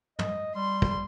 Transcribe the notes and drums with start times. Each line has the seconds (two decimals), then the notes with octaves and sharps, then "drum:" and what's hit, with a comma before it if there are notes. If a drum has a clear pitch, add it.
0.19 D#5, drum: tom
0.55 G3 C6
0.82 drum: kick